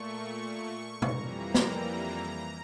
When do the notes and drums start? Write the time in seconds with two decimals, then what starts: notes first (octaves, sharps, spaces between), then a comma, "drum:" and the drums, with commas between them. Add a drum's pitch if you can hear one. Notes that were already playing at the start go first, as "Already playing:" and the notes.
Already playing: A#2 A3 C#6
1.02 F2 E3 G3 A#3 A#5, drum: tom
1.54 drum: snare